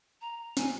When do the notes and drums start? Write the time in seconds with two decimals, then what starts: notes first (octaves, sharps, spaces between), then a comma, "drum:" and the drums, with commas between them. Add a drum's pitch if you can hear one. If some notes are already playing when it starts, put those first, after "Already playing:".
0.21 A#5
0.57 G#5, drum: snare